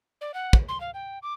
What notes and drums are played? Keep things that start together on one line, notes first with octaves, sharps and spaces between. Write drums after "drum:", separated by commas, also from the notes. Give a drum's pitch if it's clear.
D5
F#5
drum: kick
C6
F5
G5
D6